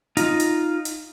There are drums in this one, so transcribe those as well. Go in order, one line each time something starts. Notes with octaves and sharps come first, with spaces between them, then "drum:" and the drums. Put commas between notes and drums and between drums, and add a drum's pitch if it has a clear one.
D#4 F4, drum: hi-hat
drum: hi-hat
drum: hi-hat